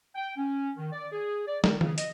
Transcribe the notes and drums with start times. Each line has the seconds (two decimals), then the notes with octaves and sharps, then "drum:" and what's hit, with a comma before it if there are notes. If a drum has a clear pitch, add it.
0.15 G5
0.37 C#4
0.76 D#3
0.92 D5
1.12 G#4
1.47 D5
1.64 D#3, drum: snare
1.81 C#3, drum: tom
1.98 D#5, drum: hi-hat